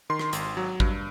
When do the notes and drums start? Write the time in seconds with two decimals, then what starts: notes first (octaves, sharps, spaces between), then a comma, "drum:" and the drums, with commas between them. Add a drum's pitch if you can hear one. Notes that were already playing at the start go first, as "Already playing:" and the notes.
0.10 D#3 C6
0.19 drum: rim click
0.33 G#1, drum: hi-hat
0.57 F#3
0.80 G2, drum: kick G#1